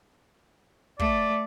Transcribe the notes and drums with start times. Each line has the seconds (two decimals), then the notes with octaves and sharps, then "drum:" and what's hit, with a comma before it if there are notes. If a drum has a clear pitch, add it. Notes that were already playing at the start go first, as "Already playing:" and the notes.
0.99 A3 D5, drum: kick